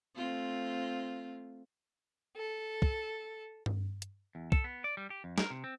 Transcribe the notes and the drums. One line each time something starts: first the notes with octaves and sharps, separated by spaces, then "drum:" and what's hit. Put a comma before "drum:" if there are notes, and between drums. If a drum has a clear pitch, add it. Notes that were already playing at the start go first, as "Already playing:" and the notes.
A3 C4 F4
A4
drum: kick
drum: tom G2
drum: hi-hat
E2
A4, drum: kick
B3
D5
G3
G4
F2
A#4, drum: snare
C3
C4